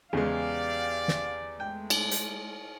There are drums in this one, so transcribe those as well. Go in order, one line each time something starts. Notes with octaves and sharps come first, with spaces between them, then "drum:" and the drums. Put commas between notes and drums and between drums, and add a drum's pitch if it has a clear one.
E2 C#3 G#3 G4 D5 F5
drum: snare
G#3 A3 G5
drum: cymbal
drum: hi-hat